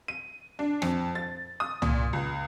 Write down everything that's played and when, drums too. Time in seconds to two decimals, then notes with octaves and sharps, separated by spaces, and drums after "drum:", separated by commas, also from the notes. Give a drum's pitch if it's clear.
0.08 D#7
0.59 D4
0.82 F2, drum: rim click
1.15 A6
1.60 D#6
1.82 A#2, drum: tom
2.13 C#2